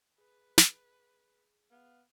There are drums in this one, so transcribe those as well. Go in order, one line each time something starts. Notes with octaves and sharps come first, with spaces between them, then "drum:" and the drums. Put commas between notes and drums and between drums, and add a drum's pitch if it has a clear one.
G#4 B4
drum: snare
B3 F5